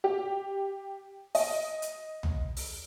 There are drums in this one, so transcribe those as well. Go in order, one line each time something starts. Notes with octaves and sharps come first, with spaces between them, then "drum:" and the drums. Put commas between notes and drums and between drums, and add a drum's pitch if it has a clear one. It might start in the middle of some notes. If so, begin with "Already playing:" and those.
G4
D#5, drum: open hi-hat
drum: hi-hat
drum: tom B1
drum: open hi-hat